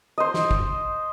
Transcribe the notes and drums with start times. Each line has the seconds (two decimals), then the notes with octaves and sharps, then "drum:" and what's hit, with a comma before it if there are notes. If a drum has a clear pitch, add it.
0.18 C5 D#5
0.34 drum: snare
0.51 drum: kick